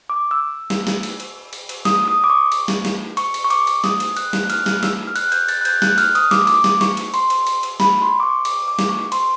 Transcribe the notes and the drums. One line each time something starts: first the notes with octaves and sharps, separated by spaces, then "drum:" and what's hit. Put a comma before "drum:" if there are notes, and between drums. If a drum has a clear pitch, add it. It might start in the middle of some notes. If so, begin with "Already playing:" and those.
D6
E6
drum: snare
drum: snare
drum: cymbal
drum: cymbal
drum: cymbal
drum: cymbal
D#6, drum: snare
D#6
D6
C#6
drum: cymbal
drum: snare
drum: snare
C#6, drum: cymbal
drum: cymbal
C#6
D6, drum: cymbal
drum: cymbal
D#6, drum: snare
drum: cymbal
F#6, drum: cymbal
drum: snare
F#6
F6, drum: cymbal
drum: snare
E6, drum: snare
F6
F#6, drum: cymbal
G6, drum: cymbal
A6, drum: cymbal
F#6
G6, drum: cymbal
F#6, drum: snare
F6, drum: cymbal
D#6, drum: cymbal
D6, drum: snare
D6, drum: cymbal
drum: snare
C#6, drum: snare
drum: cymbal
C6, drum: cymbal
drum: cymbal
drum: cymbal
drum: cymbal
B5, drum: snare
C6
D6
C#6
D6, drum: cymbal
D6
drum: snare
C#6
C6, drum: cymbal